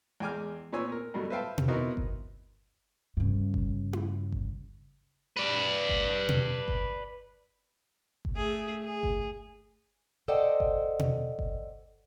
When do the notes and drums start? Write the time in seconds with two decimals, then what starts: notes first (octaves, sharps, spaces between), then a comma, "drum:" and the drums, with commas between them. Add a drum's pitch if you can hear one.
0.20 E2 G#3 G5 G#5 D6 F6
0.72 A#2 B3 C4 C#5 G#5 E6
0.92 A#4
1.14 G2 B2 F#3 A3
1.30 B4 C5 E5 F5 G5 A5
1.58 drum: tom B2
1.68 B3 C4 D#4 E4 F#4 A#4
1.97 drum: kick G1
3.17 G2 C#3
3.54 drum: kick G1
3.93 drum: tom E4
4.32 drum: kick G1
5.37 B4 D5
5.89 drum: kick G1
6.29 drum: tom B2
6.68 drum: kick G1
8.25 drum: kick G1
8.36 A3 G#4
8.84 G#4
9.03 drum: kick G1
10.28 A4 C5 D5 D#5 F#5 G5
10.60 drum: kick G1
10.99 drum: tom B2
11.39 drum: kick G1